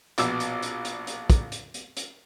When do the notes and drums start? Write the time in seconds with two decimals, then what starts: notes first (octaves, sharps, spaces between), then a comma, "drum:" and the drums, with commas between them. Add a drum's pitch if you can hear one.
0.18 A#1 B2 E6, drum: hi-hat
0.40 drum: hi-hat
0.63 drum: hi-hat
0.85 drum: hi-hat
1.07 drum: hi-hat
1.30 drum: kick, hi-hat
1.52 drum: hi-hat
1.74 drum: hi-hat
1.97 drum: hi-hat